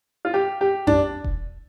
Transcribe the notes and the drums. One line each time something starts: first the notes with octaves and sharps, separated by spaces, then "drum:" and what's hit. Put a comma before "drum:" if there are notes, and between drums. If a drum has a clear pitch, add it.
F4
G4
G4
D4, drum: tom F2
drum: kick E1